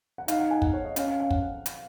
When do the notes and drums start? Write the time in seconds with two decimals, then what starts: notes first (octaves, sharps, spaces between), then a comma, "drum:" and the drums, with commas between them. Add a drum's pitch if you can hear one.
0.18 F#5
0.28 D#4 F5, drum: hi-hat
0.39 F#5
0.51 G#5
0.62 F#5, drum: kick
0.74 C#5
0.85 D#5
0.96 C#4 F5, drum: hi-hat
1.08 F5
1.20 F5
1.31 F#5, drum: kick
1.66 drum: hi-hat